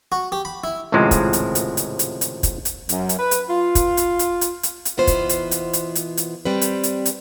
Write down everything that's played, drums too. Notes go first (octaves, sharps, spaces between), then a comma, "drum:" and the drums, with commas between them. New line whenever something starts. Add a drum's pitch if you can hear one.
F#4
G4
B5
E4
G#1 C#2 A2 C3 F3 G#3
drum: kick, hi-hat
drum: hi-hat
drum: hi-hat
drum: hi-hat
drum: hi-hat
drum: hi-hat
drum: kick, hi-hat
drum: hi-hat
F#2, drum: hi-hat
drum: hi-hat
B4
drum: hi-hat
F4
drum: kick, hi-hat
drum: hi-hat
drum: hi-hat
drum: hi-hat
drum: hi-hat
drum: hi-hat
B2 E3 B3 F4 C5
drum: kick, hi-hat
drum: hi-hat
drum: hi-hat
drum: hi-hat
drum: hi-hat
drum: hi-hat
G3 C4 B4
drum: hi-hat
drum: hi-hat
drum: hi-hat